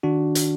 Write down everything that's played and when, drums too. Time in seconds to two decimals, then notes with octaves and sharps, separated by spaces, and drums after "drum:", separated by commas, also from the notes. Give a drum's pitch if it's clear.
0.03 D#3 D4 F#4
0.35 drum: hi-hat